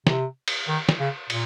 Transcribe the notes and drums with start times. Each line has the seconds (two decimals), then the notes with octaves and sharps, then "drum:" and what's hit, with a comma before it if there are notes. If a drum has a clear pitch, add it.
0.07 C3, drum: snare
0.48 drum: cymbal
0.68 D#3
0.89 drum: snare
0.99 C#3
1.30 A#2, drum: cymbal